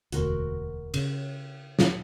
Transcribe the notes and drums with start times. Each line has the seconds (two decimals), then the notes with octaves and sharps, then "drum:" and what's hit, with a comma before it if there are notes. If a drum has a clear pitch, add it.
0.12 E1 D2 F#4 A#4 C5, drum: hi-hat
0.94 C#3, drum: cymbal
1.79 drum: snare